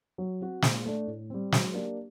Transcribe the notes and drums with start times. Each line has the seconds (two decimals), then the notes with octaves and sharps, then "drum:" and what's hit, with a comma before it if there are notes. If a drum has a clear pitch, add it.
0.18 F#3
0.41 C4 F#4
0.62 A#2, drum: snare
0.86 A3 D4
1.07 A2
1.30 G3 C4
1.52 F#3, drum: snare
1.74 A#3 D4 G4